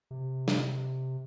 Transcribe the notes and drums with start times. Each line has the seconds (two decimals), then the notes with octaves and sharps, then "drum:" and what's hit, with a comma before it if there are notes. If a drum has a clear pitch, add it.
0.11 C3
0.48 drum: snare